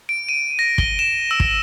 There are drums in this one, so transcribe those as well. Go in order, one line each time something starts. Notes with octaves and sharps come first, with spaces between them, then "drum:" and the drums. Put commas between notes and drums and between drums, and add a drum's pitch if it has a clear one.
D7
D#7
A#6
G7, drum: kick
E7
E6
drum: kick